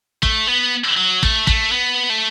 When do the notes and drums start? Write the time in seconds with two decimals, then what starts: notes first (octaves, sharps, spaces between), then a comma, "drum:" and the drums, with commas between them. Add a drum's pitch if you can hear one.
0.23 A3, drum: kick
0.47 B3
0.97 F#3
1.23 A3, drum: kick
1.47 A3, drum: kick
1.72 B3
2.10 A3